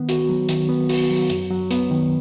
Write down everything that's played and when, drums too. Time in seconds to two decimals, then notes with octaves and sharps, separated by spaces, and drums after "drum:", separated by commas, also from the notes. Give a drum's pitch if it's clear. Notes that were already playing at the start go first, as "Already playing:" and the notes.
Already playing: D#3 B3
0.09 F#4, drum: hi-hat
0.29 F#3
0.49 D#3, drum: hi-hat
0.69 B3
0.89 F#4, drum: open hi-hat
1.10 F#3
1.30 F#2, drum: hi-hat
1.51 F#3
1.71 B3, drum: hi-hat
1.90 D#3